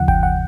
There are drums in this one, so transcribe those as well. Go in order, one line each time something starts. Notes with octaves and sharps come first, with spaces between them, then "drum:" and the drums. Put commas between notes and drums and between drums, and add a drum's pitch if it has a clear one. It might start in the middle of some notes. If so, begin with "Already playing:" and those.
Already playing: D#2 C#3 F3 F#5
G5, drum: kick G1
F#5